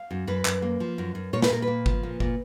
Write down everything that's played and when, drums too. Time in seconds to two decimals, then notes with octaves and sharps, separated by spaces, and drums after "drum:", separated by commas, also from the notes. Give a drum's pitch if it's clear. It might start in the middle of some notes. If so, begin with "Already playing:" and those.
Already playing: F5
0.11 F#2
0.27 F#2 B4
0.45 F#2, drum: clap
0.62 A#3
0.80 F3
0.98 F#2
1.15 F#2
1.33 A#2 C#5
1.42 B4, drum: snare
1.50 A#2 A#4
1.62 B4
1.67 A#3
1.86 F3, drum: kick G1
2.03 A#2
2.20 A#2, drum: kick G1